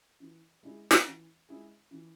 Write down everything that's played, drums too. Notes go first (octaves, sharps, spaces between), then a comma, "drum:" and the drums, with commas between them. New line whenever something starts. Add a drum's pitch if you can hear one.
E3
G#3 E4 G#4
drum: snare
E3
G#3 E4 G#4
E3